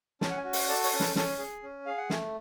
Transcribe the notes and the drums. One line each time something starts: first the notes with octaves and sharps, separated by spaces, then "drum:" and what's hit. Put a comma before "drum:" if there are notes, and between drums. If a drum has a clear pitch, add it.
C#4 A5, drum: snare
F#5
G#5
F#4
F#5, drum: open hi-hat
A4 D5
C#5, drum: open hi-hat
C#4
B4, drum: snare
C#4 A4, drum: snare
G#4
C#4
G#4 F5
F#5
A3 G#5, drum: snare